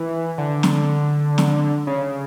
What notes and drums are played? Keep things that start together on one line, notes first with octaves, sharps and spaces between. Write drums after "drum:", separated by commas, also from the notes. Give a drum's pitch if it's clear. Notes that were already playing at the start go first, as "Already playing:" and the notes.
Already playing: E3
D3
drum: snare
drum: snare
C#3